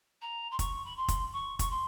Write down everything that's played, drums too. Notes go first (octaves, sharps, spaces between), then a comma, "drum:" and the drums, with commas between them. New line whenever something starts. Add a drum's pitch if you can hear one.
A#5
C6
C#6, drum: kick, hi-hat
B5
C6
drum: kick, hi-hat
C#6
C#6, drum: kick, hi-hat
C6